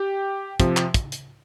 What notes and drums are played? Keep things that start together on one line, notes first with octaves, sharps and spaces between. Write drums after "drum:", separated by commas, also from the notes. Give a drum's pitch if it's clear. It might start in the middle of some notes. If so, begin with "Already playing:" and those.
Already playing: G4 G5
C3 F3, drum: kick, hi-hat
drum: clap
drum: kick, hi-hat
drum: hi-hat